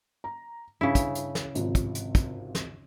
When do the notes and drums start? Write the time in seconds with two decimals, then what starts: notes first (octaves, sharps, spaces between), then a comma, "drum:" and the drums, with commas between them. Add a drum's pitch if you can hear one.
0.24 A#5
0.81 G2 C#3 E4
0.95 drum: kick, hi-hat
1.15 drum: hi-hat
1.35 drum: snare
1.55 G#1 C3 F3, drum: hi-hat
1.75 drum: kick, hi-hat
1.95 drum: hi-hat
2.15 drum: kick, hi-hat
2.55 drum: snare